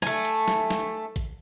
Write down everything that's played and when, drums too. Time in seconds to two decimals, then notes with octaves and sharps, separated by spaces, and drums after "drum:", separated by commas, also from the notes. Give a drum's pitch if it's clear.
0.02 A3 G#5, drum: snare
0.25 drum: hi-hat
0.48 drum: snare
0.70 drum: snare
1.16 drum: kick A1, hi-hat